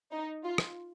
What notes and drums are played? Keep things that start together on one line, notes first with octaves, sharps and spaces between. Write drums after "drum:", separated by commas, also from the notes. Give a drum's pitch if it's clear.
D#4
F4
drum: rim click